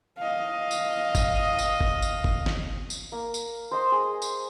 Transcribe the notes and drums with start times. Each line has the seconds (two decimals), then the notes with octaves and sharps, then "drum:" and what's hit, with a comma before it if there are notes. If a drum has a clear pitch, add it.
0.18 D#5 F5
0.71 drum: tambourine
1.15 drum: kick G1, tambourine
1.59 drum: tambourine
1.80 drum: kick G1
2.02 drum: tambourine
2.24 drum: kick G1
2.46 drum: snare
2.90 drum: tambourine
3.12 A#3
3.34 drum: tambourine
3.71 C5 D#5 C6
3.92 G#4
4.22 drum: tambourine